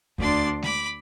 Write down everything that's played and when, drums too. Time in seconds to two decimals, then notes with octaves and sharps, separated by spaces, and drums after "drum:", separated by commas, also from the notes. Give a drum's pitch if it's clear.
0.18 D2 D4 D5 C6 A6, drum: kick E2
0.63 B5 D6, drum: snare G#3